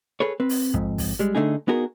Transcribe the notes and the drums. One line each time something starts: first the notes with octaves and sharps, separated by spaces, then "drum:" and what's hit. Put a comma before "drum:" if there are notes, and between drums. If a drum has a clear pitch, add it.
G#4 A4 B4 C#5
C4 B4
drum: open hi-hat
F2 G#2, drum: kick
drum: kick, open hi-hat
G3 G#3
D3 A3 D4 D#4 G#4
B3 D#4 F#4 G#4 A#4